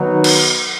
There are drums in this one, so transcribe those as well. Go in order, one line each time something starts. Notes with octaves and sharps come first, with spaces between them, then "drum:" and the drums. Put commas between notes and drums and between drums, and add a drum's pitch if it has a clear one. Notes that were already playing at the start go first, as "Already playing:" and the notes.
Already playing: D#3 F#3 B3 D#4
drum: cymbal